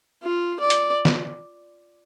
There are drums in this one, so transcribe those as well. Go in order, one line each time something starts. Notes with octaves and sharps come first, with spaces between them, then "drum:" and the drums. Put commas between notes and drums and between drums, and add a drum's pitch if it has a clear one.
F4
D5
drum: hi-hat
drum: snare